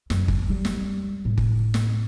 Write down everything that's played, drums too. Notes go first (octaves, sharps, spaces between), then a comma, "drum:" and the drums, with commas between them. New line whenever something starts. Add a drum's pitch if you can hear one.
F#2, drum: snare
drum: kick G1
G3
drum: snare
A2
drum: kick G1
drum: snare